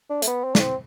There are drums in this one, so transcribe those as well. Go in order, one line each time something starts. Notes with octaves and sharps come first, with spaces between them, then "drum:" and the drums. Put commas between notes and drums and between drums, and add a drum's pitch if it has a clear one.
D4
A3, drum: hi-hat
B3
C4
D4, drum: snare
C4